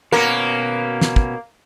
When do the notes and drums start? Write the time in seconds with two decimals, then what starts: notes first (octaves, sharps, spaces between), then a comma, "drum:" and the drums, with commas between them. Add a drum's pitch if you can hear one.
0.12 B2 A#3 C#4 F#4 A#4
1.01 drum: snare
1.16 drum: kick